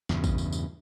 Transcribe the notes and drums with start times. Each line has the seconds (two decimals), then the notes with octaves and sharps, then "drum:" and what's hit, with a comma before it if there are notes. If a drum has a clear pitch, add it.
0.09 E2 G2 C#3, drum: snare
0.24 drum: kick, tambourine
0.38 drum: tambourine
0.52 drum: tambourine